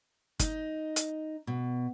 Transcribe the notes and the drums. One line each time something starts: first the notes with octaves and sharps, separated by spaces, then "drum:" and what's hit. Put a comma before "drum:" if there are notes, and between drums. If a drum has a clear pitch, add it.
D#4, drum: kick G1, hi-hat
drum: hi-hat
B2